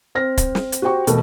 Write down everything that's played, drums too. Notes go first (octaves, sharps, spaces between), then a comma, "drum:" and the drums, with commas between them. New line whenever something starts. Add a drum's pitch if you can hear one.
C4 C5 F6 A#6
drum: kick, hi-hat
drum: snare
drum: hi-hat
F#4 G4 C5 G5 C#6
E1 B2 A3 A#4, drum: hi-hat